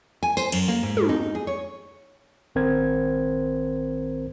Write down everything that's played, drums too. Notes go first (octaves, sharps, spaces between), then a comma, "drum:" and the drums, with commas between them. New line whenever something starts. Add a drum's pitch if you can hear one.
G#5
C5, drum: tambourine
F#2, drum: cymbal
A#3
G#2
drum: tom
D#4
G#4
C#5
A#1 D#3 C4 A#4 C5 G#6